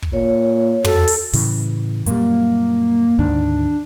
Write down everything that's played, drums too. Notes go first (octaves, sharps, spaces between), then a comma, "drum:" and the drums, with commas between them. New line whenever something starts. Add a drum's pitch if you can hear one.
drum: kick
A#2 C#5
F#4 A4, drum: tom
drum: open hi-hat
A2 C#3 E3, drum: open hi-hat
F#2 A#2 G3 A#3, drum: hi-hat
D2 G#2 D#3 D4